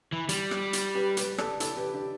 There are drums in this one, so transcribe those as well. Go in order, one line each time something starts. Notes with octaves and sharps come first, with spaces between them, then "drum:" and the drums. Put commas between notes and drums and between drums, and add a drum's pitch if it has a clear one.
E3
G3, drum: hi-hat
drum: rim click
drum: hi-hat
G4 B4
G4 B4, drum: hi-hat
A4 D5, drum: rim click
E4 A4, drum: hi-hat
G4 B4
D4 G4